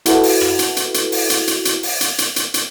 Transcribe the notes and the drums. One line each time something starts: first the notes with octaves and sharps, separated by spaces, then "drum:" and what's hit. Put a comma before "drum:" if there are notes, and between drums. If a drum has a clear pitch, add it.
E4 F#4 A4 B4, drum: hi-hat
drum: open hi-hat
drum: rim click
drum: hi-hat
drum: hi-hat
drum: hi-hat
drum: open hi-hat
drum: hi-hat
drum: hi-hat
drum: hi-hat
drum: open hi-hat
drum: hi-hat
drum: hi-hat
drum: hi-hat
drum: hi-hat